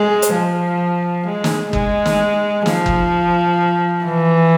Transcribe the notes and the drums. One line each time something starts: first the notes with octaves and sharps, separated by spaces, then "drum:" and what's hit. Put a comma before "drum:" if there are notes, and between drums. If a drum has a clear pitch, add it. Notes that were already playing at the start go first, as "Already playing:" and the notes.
Already playing: G#3
drum: hi-hat
F3
G#3
drum: snare
G#3, drum: kick G1
drum: snare
F3, drum: snare
drum: kick G1
E3